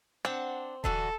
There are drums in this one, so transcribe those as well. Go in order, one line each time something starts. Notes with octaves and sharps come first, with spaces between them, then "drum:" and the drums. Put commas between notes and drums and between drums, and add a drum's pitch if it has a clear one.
C4 D4 F#5
D3 E3 F#4 A4, drum: kick D#1